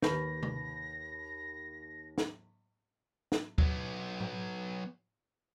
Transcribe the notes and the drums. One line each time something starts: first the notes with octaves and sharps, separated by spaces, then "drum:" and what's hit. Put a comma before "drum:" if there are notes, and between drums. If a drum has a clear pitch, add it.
D#2 G4 B4 A5 B5 G6 A#6, drum: snare
drum: tom C3
drum: snare
drum: snare
F#3 B3, drum: kick D2
drum: tom A2